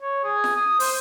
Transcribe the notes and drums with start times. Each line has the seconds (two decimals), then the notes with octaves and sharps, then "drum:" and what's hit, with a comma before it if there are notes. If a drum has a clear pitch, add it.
0.02 C#5
0.24 G#4
0.44 drum: snare F4
0.56 D#6
0.80 C5, drum: open hi-hat